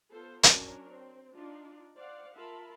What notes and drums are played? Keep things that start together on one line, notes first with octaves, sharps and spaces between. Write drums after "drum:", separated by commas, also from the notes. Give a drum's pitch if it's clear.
B3 F4 A4 C5
F#3 C#4 D4 A#4 C#5, drum: hi-hat
C4
D4 D#4 F4
C5 D5 F5 F#5
F4 A#4 E5 A5 B5